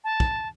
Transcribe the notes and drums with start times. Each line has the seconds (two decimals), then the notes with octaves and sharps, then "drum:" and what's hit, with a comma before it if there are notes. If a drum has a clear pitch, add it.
0.04 A5
0.20 drum: kick